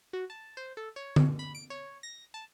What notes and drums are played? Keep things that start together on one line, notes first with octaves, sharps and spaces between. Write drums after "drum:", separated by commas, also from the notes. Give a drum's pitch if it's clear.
F#4
A5
C5
A4
C#5
drum: tom D3
B5
D7
C#5
A#6
A5